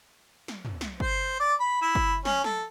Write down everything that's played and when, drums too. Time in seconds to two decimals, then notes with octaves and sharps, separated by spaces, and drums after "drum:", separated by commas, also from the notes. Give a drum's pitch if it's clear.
0.48 drum: snare
0.65 drum: tom
0.81 drum: snare
1.00 C5, drum: kick
1.40 D5
1.60 B5
1.82 E4
1.95 drum: kick
2.25 C#4, drum: snare
2.44 A4, drum: snare